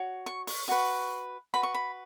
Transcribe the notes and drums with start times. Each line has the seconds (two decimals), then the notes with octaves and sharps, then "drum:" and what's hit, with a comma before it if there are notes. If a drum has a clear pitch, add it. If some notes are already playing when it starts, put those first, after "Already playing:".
Already playing: F#4 C#5
0.26 C#6
0.47 C#6, drum: open hi-hat
0.68 F#4 B4 C#6
1.54 F#4 B4 B5
1.63 C#6
1.74 B5